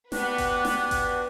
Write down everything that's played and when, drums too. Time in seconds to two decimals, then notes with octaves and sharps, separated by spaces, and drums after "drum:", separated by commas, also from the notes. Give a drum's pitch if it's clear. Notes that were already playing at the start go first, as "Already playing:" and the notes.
0.12 B3 D4 F#4 G4 B4, drum: snare
0.38 drum: kick G1, hi-hat
0.65 drum: snare
0.91 drum: kick G1, hi-hat